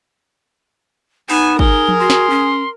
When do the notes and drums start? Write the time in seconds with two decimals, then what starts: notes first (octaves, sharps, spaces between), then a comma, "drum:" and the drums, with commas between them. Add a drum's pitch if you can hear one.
1.29 B3 D#4 G#5 E7, drum: open hi-hat
1.59 G#4 A#4 G7, drum: kick
1.88 drum: tom F3
1.99 F#4 C6
2.10 drum: snare
2.30 C#4